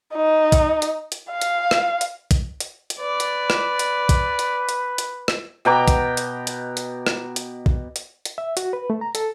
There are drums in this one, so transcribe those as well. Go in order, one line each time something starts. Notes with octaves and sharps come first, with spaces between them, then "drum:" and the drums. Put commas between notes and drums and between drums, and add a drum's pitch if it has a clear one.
D#4
drum: kick, hi-hat
drum: hi-hat
drum: hi-hat
F5
drum: hi-hat
drum: rim click
drum: hi-hat
drum: kick, hi-hat
drum: hi-hat
drum: hi-hat
B4 D5
drum: hi-hat
drum: rim click
drum: hi-hat
drum: kick, hi-hat
drum: hi-hat
drum: hi-hat
drum: hi-hat
drum: rim click
B2 G5 A#5 D6
drum: kick, hi-hat
drum: hi-hat
drum: hi-hat
drum: hi-hat
drum: rim click
drum: hi-hat
drum: kick
drum: hi-hat
drum: hi-hat
E5
F#4, drum: hi-hat
B4
A3
A#5
A4, drum: hi-hat